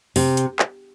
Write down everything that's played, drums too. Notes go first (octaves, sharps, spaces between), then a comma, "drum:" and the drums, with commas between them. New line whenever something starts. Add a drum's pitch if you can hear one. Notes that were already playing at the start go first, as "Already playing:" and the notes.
C3, drum: open hi-hat
drum: hi-hat
drum: clap